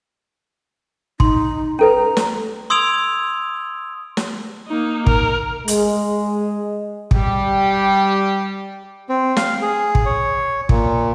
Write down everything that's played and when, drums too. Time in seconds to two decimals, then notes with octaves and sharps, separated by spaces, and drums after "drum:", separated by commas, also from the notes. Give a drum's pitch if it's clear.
1.20 D#4 C6, drum: kick
1.79 C#4 A4 B4 A#5
2.17 drum: snare
2.70 C6 D#6 E6 G#6 D7 F7
4.17 drum: snare
4.68 A#3 D#4
5.07 A#4, drum: kick
5.68 G#3, drum: hi-hat
7.11 G3 G4, drum: kick
9.09 C4
9.37 F5, drum: snare
9.62 G#4
9.95 drum: kick
10.06 C#5
10.69 A#2, drum: kick